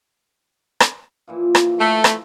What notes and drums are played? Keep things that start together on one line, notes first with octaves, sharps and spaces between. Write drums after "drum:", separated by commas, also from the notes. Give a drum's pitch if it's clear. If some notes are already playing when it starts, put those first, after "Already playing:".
drum: rim click
A#2 E3 F3
drum: rim click
A3 A4
drum: rim click